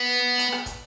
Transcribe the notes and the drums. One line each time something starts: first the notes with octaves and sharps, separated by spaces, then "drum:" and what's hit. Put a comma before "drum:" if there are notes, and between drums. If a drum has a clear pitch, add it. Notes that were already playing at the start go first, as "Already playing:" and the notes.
Already playing: B3
drum: hi-hat
drum: rim click
drum: kick, hi-hat